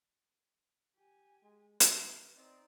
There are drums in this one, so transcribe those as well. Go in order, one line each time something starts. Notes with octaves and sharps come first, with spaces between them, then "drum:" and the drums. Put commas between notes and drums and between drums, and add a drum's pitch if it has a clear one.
G4 G#5
G#3
F#3 B4, drum: hi-hat
C4 D#4 D5